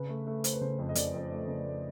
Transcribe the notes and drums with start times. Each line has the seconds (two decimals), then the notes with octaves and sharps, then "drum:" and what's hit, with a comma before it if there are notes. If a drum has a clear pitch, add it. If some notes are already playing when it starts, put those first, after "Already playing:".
Already playing: C#3 B4
0.09 A3
0.27 A3
0.44 A3 C5, drum: hi-hat
0.53 B4
0.61 C#3 C5
0.79 F2
0.89 D#5
0.95 C#3 D5, drum: hi-hat
1.14 F2
1.31 A3
1.48 C#3
1.66 A3